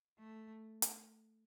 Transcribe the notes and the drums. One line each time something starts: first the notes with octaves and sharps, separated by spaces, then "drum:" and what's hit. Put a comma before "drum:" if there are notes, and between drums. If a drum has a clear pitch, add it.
A3
drum: hi-hat